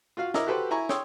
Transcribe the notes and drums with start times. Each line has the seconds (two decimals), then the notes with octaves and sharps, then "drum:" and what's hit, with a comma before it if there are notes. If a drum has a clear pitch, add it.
0.17 F4 F#4 F5
0.34 E4 A#4 D#5 A#5 D6 E6, drum: snare
0.47 F#4 G4 A4 B4 C5 G5
0.71 E4 G#5 A#5 C#6
0.89 C#5 G5 C6 D#6 E6, drum: snare